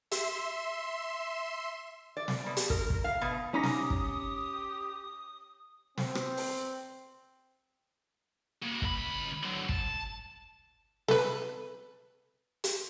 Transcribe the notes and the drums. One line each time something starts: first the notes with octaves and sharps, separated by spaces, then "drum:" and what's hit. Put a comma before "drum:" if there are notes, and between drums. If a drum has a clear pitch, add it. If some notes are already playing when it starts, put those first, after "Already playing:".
E5 C6 E7, drum: hi-hat
D5
drum: snare
B2
drum: hi-hat
A#4, drum: kick
drum: kick
F5
B2
C#4 D#4 G4 A#5 D#6 A#6
drum: snare
drum: kick
C4, drum: snare
drum: rim click
drum: open hi-hat
A#3 F#4
C#2 B5, drum: kick
D3 F#3
A5, drum: kick
A4 B4, drum: snare
drum: hi-hat